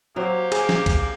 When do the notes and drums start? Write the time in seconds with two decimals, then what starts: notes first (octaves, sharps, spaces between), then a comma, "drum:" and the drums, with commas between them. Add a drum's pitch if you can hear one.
0.16 F#3 A#3 C4 G4
0.52 G#4, drum: cymbal
0.69 drum: snare
0.86 drum: kick, cymbal